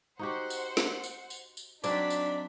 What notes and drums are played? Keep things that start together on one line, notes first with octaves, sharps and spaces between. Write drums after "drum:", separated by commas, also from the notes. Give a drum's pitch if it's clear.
D#4 F#4 G4 C5 F#5
drum: tambourine
drum: snare
drum: tambourine
drum: tambourine
drum: tambourine
F#3 C4 D4 D#4 D5 B6, drum: tambourine
drum: tambourine